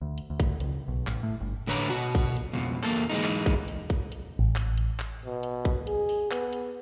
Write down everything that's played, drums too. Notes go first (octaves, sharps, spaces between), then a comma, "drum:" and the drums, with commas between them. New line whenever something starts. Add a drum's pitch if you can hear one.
D2
drum: hi-hat
D2
drum: kick, hi-hat
C#2, drum: hi-hat
B1
A1, drum: clap
A2
G1
A2 D3 B4 C#5 A#5
B2 F#4
drum: kick, hi-hat
drum: hi-hat
F2 B2
E2 A#3 A4, drum: clap
E3 G#3 D#4
drum: clap
drum: kick, hi-hat
drum: hi-hat
drum: kick, hi-hat
drum: hi-hat
A1
drum: clap
drum: hi-hat
drum: clap
B2
drum: hi-hat
drum: kick, hi-hat
G#4, drum: hi-hat
drum: open hi-hat
B3, drum: clap
drum: hi-hat